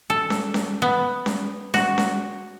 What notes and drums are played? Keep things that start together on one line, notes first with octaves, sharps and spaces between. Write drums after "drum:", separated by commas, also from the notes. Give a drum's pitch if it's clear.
A4
drum: snare C#4
drum: snare C#4
B3
drum: snare C#4
F#4, drum: snare C#4
drum: snare C#4